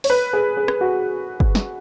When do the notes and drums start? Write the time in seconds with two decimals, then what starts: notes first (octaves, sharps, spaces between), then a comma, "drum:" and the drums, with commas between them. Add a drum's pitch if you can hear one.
0.04 C#5, drum: open hi-hat
0.10 B4
0.33 G#4
0.57 G#4
0.68 drum: rim click
0.81 F#4
1.40 drum: kick G1
1.55 drum: snare